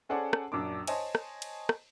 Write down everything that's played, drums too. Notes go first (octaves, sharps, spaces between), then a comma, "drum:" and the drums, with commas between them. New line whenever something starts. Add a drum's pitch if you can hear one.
C#4 G#4 A4 C5 D5 F#5
drum: rim click
A#1 F#2 D4 D6
C5 C#5 D#5 G#5 A5, drum: cymbal
drum: rim click
drum: cymbal
drum: rim click